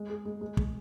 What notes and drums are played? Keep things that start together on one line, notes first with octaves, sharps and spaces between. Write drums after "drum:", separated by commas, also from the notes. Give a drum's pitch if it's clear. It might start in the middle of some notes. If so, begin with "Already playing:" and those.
Already playing: G#3
G#4
G#3
G#3
G#3, drum: kick